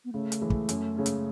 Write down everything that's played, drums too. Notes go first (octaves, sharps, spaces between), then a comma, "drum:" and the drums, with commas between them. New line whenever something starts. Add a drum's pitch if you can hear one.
B3
C#3 A3
drum: hi-hat
E3 G#3
drum: kick
F#2, drum: hi-hat
C#3 G#3 C#4
drum: hi-hat